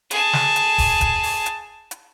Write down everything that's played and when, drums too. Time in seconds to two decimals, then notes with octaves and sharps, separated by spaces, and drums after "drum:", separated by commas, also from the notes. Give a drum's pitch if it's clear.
0.11 G#4 A5, drum: hi-hat
0.33 drum: snare
0.56 drum: hi-hat
0.78 drum: kick, open hi-hat
1.01 drum: kick, hi-hat
1.23 drum: open hi-hat
1.46 drum: hi-hat
1.91 drum: hi-hat